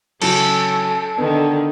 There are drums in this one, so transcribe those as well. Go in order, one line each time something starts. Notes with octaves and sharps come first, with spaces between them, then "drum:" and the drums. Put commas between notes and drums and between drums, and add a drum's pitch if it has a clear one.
C#3 F#3 C#4 E4 A4, drum: cymbal
D3 D#3 B3